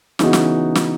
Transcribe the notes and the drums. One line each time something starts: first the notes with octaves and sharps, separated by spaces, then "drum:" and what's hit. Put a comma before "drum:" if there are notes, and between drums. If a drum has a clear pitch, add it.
C#3 E3 B3 D#4 F#4, drum: snare
drum: snare
drum: snare